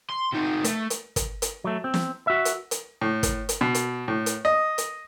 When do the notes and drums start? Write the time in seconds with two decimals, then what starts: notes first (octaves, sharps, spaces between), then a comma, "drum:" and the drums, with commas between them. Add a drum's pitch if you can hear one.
0.10 C6
0.33 C3 D#4
0.64 A3, drum: hi-hat
0.90 drum: hi-hat
1.16 drum: kick, hi-hat
1.42 drum: hi-hat
1.64 F#3 A3
1.84 C4
1.94 drum: snare
2.27 F#4 E5
2.45 drum: hi-hat
2.71 drum: hi-hat
3.01 A2
3.23 drum: kick, hi-hat
3.49 drum: hi-hat
3.61 B2
3.75 drum: hi-hat
4.08 A2
4.26 drum: hi-hat
4.45 D#5
4.78 drum: hi-hat